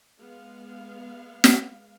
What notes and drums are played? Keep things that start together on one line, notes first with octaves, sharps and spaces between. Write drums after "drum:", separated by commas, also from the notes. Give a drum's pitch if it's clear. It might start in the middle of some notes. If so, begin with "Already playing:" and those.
G#3 B3 F5
drum: snare